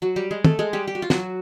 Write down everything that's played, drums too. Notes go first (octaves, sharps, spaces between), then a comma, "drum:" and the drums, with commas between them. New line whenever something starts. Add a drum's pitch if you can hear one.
F#3 F#4
G3 G4
G#3 G#4
A3 A4, drum: tom
G#3 G#4
G3 G4
G4
F#4
F4
F#3 F#4, drum: snare